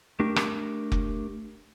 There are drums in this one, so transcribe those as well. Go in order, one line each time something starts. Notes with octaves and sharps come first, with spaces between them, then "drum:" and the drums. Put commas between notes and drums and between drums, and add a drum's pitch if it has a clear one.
A3 D4 G4 A#4
drum: rim click
drum: kick F1